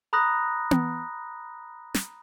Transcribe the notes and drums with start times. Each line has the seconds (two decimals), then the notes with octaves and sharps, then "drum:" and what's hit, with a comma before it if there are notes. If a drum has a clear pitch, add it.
0.13 A#5 B5 D#6 F#6 A#6
0.71 drum: tom B3
1.94 drum: snare